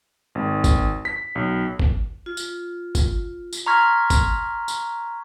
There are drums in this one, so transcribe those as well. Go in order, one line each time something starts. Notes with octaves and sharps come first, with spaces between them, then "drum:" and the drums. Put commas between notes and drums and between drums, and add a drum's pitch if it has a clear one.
G#1
drum: kick G1, tambourine
B6
B1
drum: kick G1
F4
drum: tambourine
drum: kick G1, tambourine
drum: tambourine
A#5 C6 C#6 F6 G#6 B6
drum: kick G1, tambourine
drum: tambourine